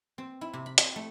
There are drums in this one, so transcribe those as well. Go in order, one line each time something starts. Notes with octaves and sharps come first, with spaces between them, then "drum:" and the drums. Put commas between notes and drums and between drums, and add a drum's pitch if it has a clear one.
C4
E4
C3
B5
C4, drum: hi-hat
A3